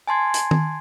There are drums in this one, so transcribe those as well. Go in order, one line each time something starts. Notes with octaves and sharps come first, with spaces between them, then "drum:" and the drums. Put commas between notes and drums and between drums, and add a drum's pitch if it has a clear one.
G#5 A5 C6 G#6
drum: hi-hat
drum: tom D#3